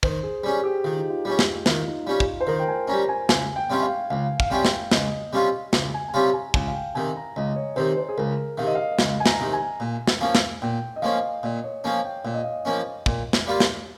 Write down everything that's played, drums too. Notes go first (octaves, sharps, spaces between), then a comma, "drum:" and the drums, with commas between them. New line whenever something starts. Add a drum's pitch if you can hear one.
D#3 C5, drum: kick
G#4
G3 C#4 G#4
G4
D#3 F4
D#4
F4
G3 C#4 G4
drum: snare
D#3 F4, drum: snare
D#4
G3 C#4 F4
drum: kick
C5
D#3 A#4
G5
G#5
G3 C#4 A#5
G#5
C#2 G#5, drum: snare
G5
C3 G3 C#4 F4 G5
F5
C#2 F5
F5, drum: kick
C3 G3 C#4 F4 G5
drum: snare
C#2 D#5, drum: snare
C3 G3 C#4 F4
C#2, drum: snare
G#5
G#5
C3 G3 C#4 F4 A#5
G#5
C#2 G#5, drum: kick
F5
G5
C3 D#3 G#5
A#5
C#2 D#5
C#5
C3 D#3 C5
C5
G#4
C#2 A#4
C3 D#3 F5
D#5
F5
C#2, drum: snare
G#5
A#5, drum: snare
C3 D#3
G#5
A#2
drum: snare
F3 A#3 C#4
drum: snare
A#2 G5
D#5
F3 A#3 C#4 F5
A#2 D#5
C#5
F3 A#3 C#4 G#5
G5
A#2 F5
D#5
F5
F3 A#3 C#4
A#2, drum: kick
drum: snare
G3 A#3 F4
drum: snare